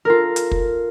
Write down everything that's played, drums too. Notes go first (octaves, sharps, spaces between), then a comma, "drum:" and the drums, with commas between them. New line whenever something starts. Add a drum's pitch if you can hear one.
F4 A4 A#4
drum: hi-hat
drum: kick